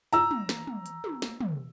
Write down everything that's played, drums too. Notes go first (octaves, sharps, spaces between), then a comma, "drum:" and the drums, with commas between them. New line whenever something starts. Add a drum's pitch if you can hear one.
A#5 E6, drum: hi-hat
drum: tom
drum: snare
drum: tom
drum: hi-hat
drum: tom
drum: snare
drum: tom